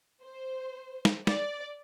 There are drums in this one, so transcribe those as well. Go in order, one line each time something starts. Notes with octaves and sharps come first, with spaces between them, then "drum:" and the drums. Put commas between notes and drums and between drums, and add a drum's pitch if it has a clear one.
C5
drum: snare
D5, drum: snare